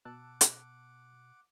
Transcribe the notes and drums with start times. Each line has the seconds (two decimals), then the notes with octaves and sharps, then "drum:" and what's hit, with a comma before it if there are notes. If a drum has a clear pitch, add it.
0.05 B2 F#5 A5 D6 E6 F#6
0.41 drum: hi-hat